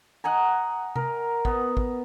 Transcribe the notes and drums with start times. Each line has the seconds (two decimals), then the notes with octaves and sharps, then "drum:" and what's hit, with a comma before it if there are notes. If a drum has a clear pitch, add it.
0.24 D#5 F#5 G#5 A#5
0.96 A#4, drum: tom C3
1.45 B3, drum: kick
1.77 drum: kick